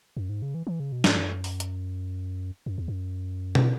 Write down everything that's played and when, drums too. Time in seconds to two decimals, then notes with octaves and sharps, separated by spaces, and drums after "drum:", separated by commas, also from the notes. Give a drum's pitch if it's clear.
0.17 F#2
0.29 G#2
0.42 C#3
0.55 E3
0.67 E3
0.80 C#3
0.92 B2
1.04 G#2, drum: snare
1.16 F#2
1.44 drum: open hi-hat
1.60 drum: hi-hat
2.66 F#2
2.78 E2
2.88 F#2
3.55 drum: tom B2